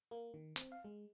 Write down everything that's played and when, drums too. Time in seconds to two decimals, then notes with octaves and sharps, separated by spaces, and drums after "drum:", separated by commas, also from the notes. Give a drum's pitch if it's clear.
0.11 A#3
0.34 D#3
0.56 C4, drum: hi-hat
0.72 F5
0.84 G#3